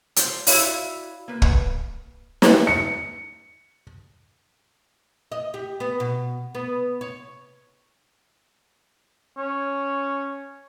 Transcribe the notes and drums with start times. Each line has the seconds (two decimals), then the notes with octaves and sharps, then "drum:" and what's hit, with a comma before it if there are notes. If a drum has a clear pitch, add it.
0.16 F4 C5, drum: hi-hat
0.47 E4 F#4 C#5 D5 E5 F5, drum: open hi-hat
1.28 A#3 B4
1.42 drum: kick
2.42 drum: snare
2.67 C#7
5.32 D#5
5.54 G4
5.80 B3
6.00 B2
6.55 B3
7.01 C#5
9.37 C#4